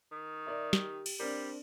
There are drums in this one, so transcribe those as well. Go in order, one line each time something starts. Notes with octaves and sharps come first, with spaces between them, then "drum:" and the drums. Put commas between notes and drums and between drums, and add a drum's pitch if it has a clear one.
D#3
A#4 D5 E5
G4, drum: snare
drum: cymbal
G3 C4 D4 A#4